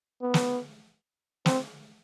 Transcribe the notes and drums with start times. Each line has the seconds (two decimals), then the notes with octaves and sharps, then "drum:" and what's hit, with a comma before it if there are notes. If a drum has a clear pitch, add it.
0.22 B3
0.34 drum: snare
1.46 C4, drum: snare